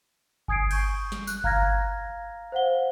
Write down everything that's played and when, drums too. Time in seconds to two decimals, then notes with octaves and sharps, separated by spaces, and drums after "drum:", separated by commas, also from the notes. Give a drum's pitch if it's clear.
0.48 G#5 D#6 G#6 C7 D7, drum: kick G1
0.71 C#6 G6, drum: cymbal
1.12 drum: snare
1.27 F#6, drum: tambourine
1.44 F5 A#5 F6 G#6 A#6, drum: kick G1
2.52 C5 F5 F#5 G7